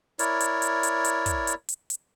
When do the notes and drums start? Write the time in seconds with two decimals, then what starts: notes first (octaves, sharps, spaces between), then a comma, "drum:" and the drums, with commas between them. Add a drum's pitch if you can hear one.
0.19 E4 A#4 C#5 D5, drum: hi-hat
0.40 drum: hi-hat
0.62 drum: hi-hat
0.83 drum: hi-hat
1.04 drum: hi-hat
1.26 drum: kick, hi-hat
1.47 drum: hi-hat
1.69 drum: hi-hat
1.90 drum: hi-hat